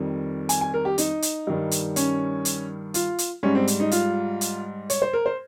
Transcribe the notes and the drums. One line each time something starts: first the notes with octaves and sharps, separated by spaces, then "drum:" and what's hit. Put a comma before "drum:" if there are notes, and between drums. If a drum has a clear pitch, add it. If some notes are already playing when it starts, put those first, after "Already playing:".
Already playing: F2 D#3 G3
G#5, drum: hi-hat
G#5
A#4
G4
D#4, drum: hi-hat
drum: hi-hat
G2 D#3 G3
drum: hi-hat
C#4, drum: hi-hat
drum: hi-hat
F4, drum: hi-hat
drum: hi-hat
G#2 G3 C#4
C4
drum: hi-hat
D#4
F4, drum: hi-hat
drum: hi-hat
C#5, drum: hi-hat
C5
A#4
C5